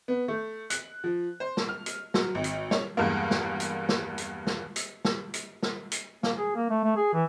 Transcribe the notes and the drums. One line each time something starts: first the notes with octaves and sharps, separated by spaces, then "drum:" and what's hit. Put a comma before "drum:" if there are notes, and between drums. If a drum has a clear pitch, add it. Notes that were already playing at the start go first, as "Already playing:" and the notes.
B3
A3
F#6, drum: hi-hat
F3
C5
drum: snare
F6
drum: hi-hat
F#3, drum: snare
G#1
drum: hi-hat
C#5, drum: snare
E2 G2 G#3 A#3
drum: snare
drum: hi-hat
drum: snare
drum: hi-hat
drum: snare
drum: hi-hat
drum: snare
drum: hi-hat
drum: snare
drum: hi-hat
A#3, drum: snare
G#4
A#3
A3
A3
G#4
E3